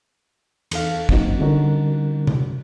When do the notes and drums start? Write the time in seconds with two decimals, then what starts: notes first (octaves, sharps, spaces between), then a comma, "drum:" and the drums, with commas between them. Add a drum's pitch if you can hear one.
0.71 E2 A4 F5, drum: cymbal
1.09 F#3 A#3 C4 C#4 D#4 F#4, drum: kick
1.40 D3 G3 C#4 D#4 F#4 A#4
2.27 drum: tom C3